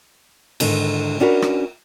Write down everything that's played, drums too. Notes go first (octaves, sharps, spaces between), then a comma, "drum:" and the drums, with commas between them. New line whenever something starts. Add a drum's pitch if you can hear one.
G#2 D3 D#3, drum: cymbal
C#4 D4 F#4 A#4 B4
drum: rim click